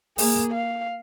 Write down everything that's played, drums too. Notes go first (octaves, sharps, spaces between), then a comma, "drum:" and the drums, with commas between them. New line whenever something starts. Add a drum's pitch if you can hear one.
A#3 G#4, drum: open hi-hat
F5